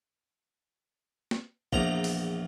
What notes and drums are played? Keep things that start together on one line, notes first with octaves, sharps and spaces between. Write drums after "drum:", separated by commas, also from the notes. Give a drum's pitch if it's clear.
drum: snare
A#1 E2 A#5, drum: kick
drum: open hi-hat